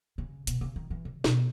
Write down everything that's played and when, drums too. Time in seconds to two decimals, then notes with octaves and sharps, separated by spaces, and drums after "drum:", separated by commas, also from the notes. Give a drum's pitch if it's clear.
0.18 C#3
0.47 B2, drum: hi-hat
0.61 C#3
0.76 D#3
0.90 E3
1.05 C#3
1.24 B2, drum: snare